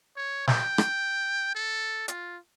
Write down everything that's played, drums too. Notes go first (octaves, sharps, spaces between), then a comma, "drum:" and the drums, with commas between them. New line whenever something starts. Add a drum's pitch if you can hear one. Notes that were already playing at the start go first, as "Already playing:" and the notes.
C#5
G5, drum: snare
drum: rim click
A4
F4, drum: hi-hat